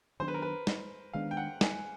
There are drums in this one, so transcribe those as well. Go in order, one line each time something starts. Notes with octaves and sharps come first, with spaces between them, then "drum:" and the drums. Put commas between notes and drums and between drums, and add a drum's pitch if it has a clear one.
D#3 F#3 B3 D4 C5
B4
A#4
B4
drum: snare
D#3 G#3 B3 D4 F5
G5
F#5
G#5, drum: snare